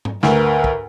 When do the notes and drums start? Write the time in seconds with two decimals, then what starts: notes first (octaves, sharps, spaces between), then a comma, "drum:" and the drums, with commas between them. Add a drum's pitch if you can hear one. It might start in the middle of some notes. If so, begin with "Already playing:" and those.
0.05 drum: tom G#2
0.23 D2 A#4 B4, drum: snare
0.64 drum: kick